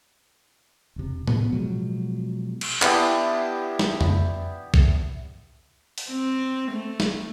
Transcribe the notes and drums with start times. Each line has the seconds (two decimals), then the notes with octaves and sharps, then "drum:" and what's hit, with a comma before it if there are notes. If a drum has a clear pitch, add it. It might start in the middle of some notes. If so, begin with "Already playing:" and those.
0.96 E1 C3
1.28 C3 B3, drum: tom A2
1.53 B2 F3 F#3 G#3
2.61 drum: cymbal
2.82 B3 D4 E4 G4, drum: clap
3.79 drum: snare
4.01 drum: tom F2
4.74 drum: kick
5.98 drum: open hi-hat
6.09 C4
6.71 A3
7.00 drum: snare